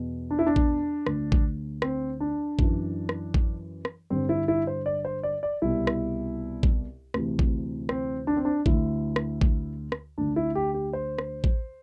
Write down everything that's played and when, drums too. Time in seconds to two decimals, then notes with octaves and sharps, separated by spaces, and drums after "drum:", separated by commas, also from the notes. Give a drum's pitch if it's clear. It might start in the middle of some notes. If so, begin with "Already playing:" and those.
Already playing: E2 B2
0.31 D4
0.39 E4
0.47 D4
0.56 drum: kick A1
1.06 D2 D3, drum: rim click
1.32 drum: kick A1
1.82 C4, drum: rim click
2.20 D4
2.59 F#2 E3, drum: kick A1
3.09 drum: rim click
3.34 drum: kick A1
3.85 drum: rim click
4.10 G2 D3 C4
4.29 E4
4.48 E4
4.67 C5
4.86 D5
5.05 C5
5.23 D5
5.43 D5
5.62 C2 B2 E4
5.87 drum: rim click
6.63 drum: kick A1
7.14 D2 C3 E3, drum: rim click
7.39 drum: kick A1
7.89 C4, drum: rim click
8.27 D4
8.37 C4
8.45 D4
8.66 D2 D3 E4, drum: kick A1
9.16 drum: rim click
9.41 drum: kick A1
9.92 drum: rim click
10.18 D2 D3 D4
10.36 E4
10.55 G4
10.74 G4
10.93 C5
11.18 drum: rim click
11.44 drum: kick A1